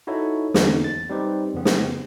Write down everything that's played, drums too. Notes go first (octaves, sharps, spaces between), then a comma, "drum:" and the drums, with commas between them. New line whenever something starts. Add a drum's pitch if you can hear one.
D#4 E4 F#4 A4 C#5
E2 D3 E3 A#3 C#4 D#4, drum: snare
A6
G3 C4 D#4 G4 B4 C5
F2 C#3 B3 C4
drum: snare